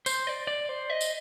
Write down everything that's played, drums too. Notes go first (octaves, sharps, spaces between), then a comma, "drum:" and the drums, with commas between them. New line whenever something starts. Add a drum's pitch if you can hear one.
C5, drum: tambourine
D5
D5
C5
D#5
drum: tambourine